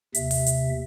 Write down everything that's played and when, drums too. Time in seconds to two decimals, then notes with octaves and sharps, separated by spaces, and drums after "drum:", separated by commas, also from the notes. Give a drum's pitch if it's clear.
0.15 D#2 C3 E5, drum: hi-hat
0.31 drum: open hi-hat
0.47 drum: hi-hat